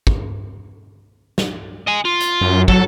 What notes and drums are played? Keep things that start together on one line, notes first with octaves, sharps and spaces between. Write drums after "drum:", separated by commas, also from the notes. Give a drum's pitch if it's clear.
drum: kick
drum: snare
D#5 G#5
F4
drum: hi-hat
F#2
F#3 A4, drum: kick